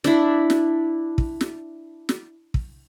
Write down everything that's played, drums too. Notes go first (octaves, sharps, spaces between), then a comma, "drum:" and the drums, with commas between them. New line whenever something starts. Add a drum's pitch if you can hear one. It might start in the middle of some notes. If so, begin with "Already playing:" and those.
D4 E4, drum: snare
drum: snare
drum: kick
drum: snare
drum: snare
drum: kick